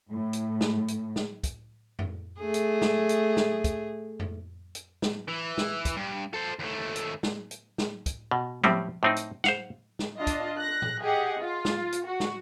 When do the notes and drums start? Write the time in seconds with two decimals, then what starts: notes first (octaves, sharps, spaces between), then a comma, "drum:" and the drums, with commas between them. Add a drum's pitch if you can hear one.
0.10 A2
0.33 drum: hi-hat
0.61 drum: snare
0.88 drum: hi-hat
1.16 drum: snare
1.43 drum: kick, hi-hat
1.99 drum: tom F2
2.40 A3 G#4
2.54 drum: hi-hat
2.82 drum: snare
3.09 drum: hi-hat
3.37 drum: snare
3.64 drum: kick, hi-hat
4.20 drum: tom F2
4.75 drum: hi-hat
5.02 drum: snare
5.28 E3
5.58 drum: snare
5.85 drum: kick, hi-hat
5.97 G2
6.34 A4 C5
6.59 D#2 A3
6.96 drum: hi-hat
7.23 drum: snare
7.51 drum: hi-hat
7.78 drum: snare
8.06 drum: kick, hi-hat
8.31 B2
8.64 A2 G3 C4 C#4, drum: tom F3
9.03 A2 C4 D#4
9.16 drum: hi-hat
9.44 C5 F5 F#5, drum: snare
9.99 drum: snare
10.18 D4 F4 D#5
10.27 drum: kick, hi-hat
10.58 F#6 A#6
10.82 drum: tom A#2
11.02 G4 G#4 D#5 F#5
11.40 F4
11.65 drum: snare
11.92 drum: hi-hat
12.06 F#4
12.20 drum: snare